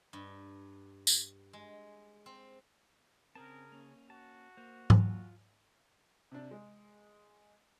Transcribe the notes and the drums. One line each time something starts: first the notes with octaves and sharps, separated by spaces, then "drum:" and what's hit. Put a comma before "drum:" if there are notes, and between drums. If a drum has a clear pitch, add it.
G2
drum: tambourine
G#3
C4
C#3 C4 G#4 A#4 A5
A#3 C#4
F#4 A5
A#3 C5
drum: tom G#2
F4
C3 D4
G#3